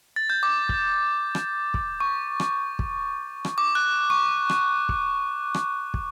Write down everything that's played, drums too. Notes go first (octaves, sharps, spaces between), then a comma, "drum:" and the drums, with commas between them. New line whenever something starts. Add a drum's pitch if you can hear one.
A6
G6
D6
drum: kick
drum: rim click
drum: kick
C#6
drum: rim click
drum: kick
drum: rim click
D6
F#6
C#6
drum: rim click
drum: kick
drum: rim click
drum: kick